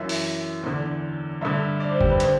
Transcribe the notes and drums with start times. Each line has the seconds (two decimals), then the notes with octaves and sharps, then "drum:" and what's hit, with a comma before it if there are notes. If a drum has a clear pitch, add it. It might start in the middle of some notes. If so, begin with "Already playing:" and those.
Already playing: F#2 E3 E5
0.09 drum: open hi-hat
0.63 E2 D3
1.41 G2 D3 E5
1.80 D5
1.91 C5
2.01 G4, drum: kick G1
2.10 B4
2.20 D3 C5, drum: hi-hat